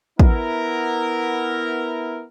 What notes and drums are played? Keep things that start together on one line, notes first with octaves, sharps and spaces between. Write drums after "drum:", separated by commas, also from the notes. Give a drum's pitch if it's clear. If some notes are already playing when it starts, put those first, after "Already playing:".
B3 E4 A#4, drum: kick